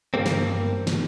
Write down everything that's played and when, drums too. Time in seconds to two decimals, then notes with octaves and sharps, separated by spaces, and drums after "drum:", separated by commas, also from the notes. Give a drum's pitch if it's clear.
0.14 G2 G3 A#3 C4
0.26 drum: snare
0.87 drum: snare